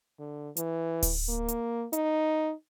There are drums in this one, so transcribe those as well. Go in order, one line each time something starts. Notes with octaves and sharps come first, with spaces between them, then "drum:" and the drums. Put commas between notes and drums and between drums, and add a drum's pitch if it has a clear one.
D3
E3, drum: hi-hat
drum: kick D1, open hi-hat
A#3
drum: hi-hat
D#4, drum: hi-hat